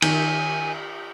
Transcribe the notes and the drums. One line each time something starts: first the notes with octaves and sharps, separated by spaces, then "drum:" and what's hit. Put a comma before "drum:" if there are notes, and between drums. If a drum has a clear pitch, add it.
D#3 G#5, drum: cymbal